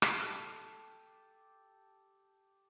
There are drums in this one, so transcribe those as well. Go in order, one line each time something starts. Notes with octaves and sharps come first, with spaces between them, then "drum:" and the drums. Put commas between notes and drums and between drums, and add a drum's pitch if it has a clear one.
G4 A4, drum: rim click